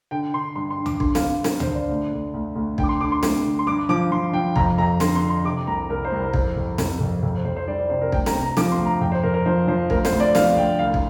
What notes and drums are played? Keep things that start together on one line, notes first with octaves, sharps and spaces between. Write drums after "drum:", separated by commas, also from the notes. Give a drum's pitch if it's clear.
D3 G5
D3 C6
G2 C6
C6
G2
D6, drum: tom C#2
D3 C6, drum: kick
F5, drum: snare
D3
D3 A#4, drum: snare
C5, drum: tom C#2
D3
D5
D2
D2
D2
D2
D3 G5, drum: kick
D6
C6
D3 D6
C6
D2, drum: snare
D3
C6
G2 D6
F3 D6
F3 C6
F3 G5
F2 A#5, drum: kick
F2 A#5
D3 C6, drum: snare
C6
D3
C6
C3 D6
C2 A#5
C2 A#4
C5
C2
A#4
F2 C5, drum: kick
F2
F2, drum: snare
F2
F2
C5
F2 C5
C5
G3 D5
D5
C3 C5
A#4
D2 G5, drum: kick
A#5, drum: snare
C3
A#5
F3 D6, drum: snare
C6
D2
A#5
F2 G5
C5
F2 A#4
A#4
F3 C5
F3 C5
D2 A#4, drum: kick
C5, drum: snare
D2
D5
F3 F5, drum: snare
D2 G5
C2 F5
drum: kick